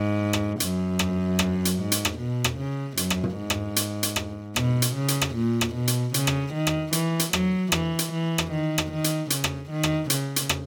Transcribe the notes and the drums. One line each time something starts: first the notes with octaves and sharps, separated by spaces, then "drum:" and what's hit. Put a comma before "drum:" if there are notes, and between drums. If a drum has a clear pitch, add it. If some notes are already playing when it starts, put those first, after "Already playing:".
Already playing: G#2
drum: rim click
F#2, drum: hi-hat
drum: rim click
drum: rim click
drum: hi-hat
G#2
drum: hi-hat
drum: rim click
B2
drum: rim click
C#3
F#2, drum: hi-hat
drum: rim click
drum: tom
G#2
drum: rim click
drum: hi-hat
drum: hi-hat
drum: rim click
B2, drum: rim click
drum: hi-hat
C#3
drum: hi-hat
drum: rim click
A#2
drum: rim click
B2
drum: hi-hat
C#3, drum: hi-hat
drum: rim click
D#3
drum: rim click
E3, drum: hi-hat
drum: hi-hat
F#3, drum: rim click
E3, drum: rim click
drum: hi-hat
E3
drum: rim click
D#3
drum: rim click
D#3
drum: hi-hat
C#3, drum: hi-hat
drum: rim click
D#3
drum: rim click
C#3, drum: hi-hat
drum: hi-hat
drum: rim click